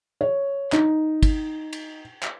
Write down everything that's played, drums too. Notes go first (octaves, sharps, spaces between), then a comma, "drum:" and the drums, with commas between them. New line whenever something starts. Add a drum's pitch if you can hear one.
C#5
D#4, drum: clap
drum: kick, cymbal
drum: cymbal
drum: clap